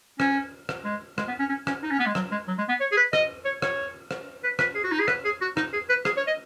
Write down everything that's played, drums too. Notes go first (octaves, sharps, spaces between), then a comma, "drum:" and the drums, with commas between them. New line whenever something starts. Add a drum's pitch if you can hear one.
C#4, drum: rim click
drum: rim click
G#3
G#3, drum: rim click
B3
C#4
C#4
C#4, drum: rim click
D#4
C#4
B3
G#3
F#3, drum: rim click
G#3
F#3
G#3
B3
C#5
G#4
B4
D#5, drum: rim click
C#5
C#5, drum: rim click
drum: rim click
B4
B4, drum: rim click
G#4
F#4
D#4
G#4
B4, drum: rim click
G#4
F#4
D#4, drum: rim click
G#4
B4
G#4, drum: rim click
C#5
D#5